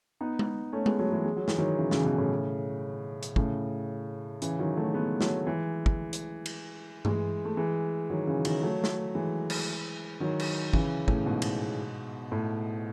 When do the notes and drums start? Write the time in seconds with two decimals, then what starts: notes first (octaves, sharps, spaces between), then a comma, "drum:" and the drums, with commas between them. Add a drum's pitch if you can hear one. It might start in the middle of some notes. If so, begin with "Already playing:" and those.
0.21 B3 D#4
0.39 drum: tom G#3
0.73 A3 C#4
0.86 G#3 B3, drum: tom G#3
0.99 F#3 A3
1.12 E3 G#3
1.26 G#3
1.36 F#3
1.48 E3, drum: snare
1.58 D#3 F#3
1.78 C#3 E3
1.91 C#3 E3, drum: snare
2.05 B2 D#3
2.18 A2 C#3
3.23 drum: hi-hat
3.36 A2 C#3, drum: kick
4.42 C#3 E3, drum: hi-hat
4.59 D#3 F#3
4.77 F#3 A3
4.94 G#3 B3
5.21 F#3 A3, drum: snare
5.47 E3 G#3
5.86 drum: kick
6.13 drum: hi-hat
6.46 drum: cymbal
7.05 E3 G#3, drum: tom G2
7.45 A3
7.57 E3 G#3
8.10 D#3 F#3
8.27 C#3 E3
8.45 D#3 F#3, drum: cymbal
8.63 F#3 A3
8.84 drum: snare
9.15 E3 G#3
9.50 drum: cymbal
10.20 D#3 F#3
10.40 drum: cymbal
10.73 C#3 E3, drum: kick
11.08 A2 C#3, drum: kick
11.26 G#2 B2
11.42 drum: cymbal
12.32 A2